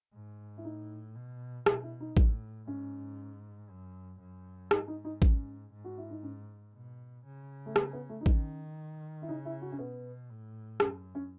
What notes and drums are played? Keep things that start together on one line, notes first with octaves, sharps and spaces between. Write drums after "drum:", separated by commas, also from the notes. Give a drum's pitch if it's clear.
G#2
E4
A2 D#4
B2
B2 E4, drum: rim click
E4
D#4
A2, drum: kick A1
G#2 C#4
F#2
F#2
G#2 D#4, drum: rim click
D#4
D#4
C#4, drum: kick A1
G#2
F#4
E4
D#4
C#4
B2
C#3
A3
B3, drum: rim click
B3
A3
D#4
D#3 C#4, drum: kick A1
E4
C#3 D#4
E4
F#4
C#4
B2 B3
A2
F#2 C#4, drum: rim click
C#4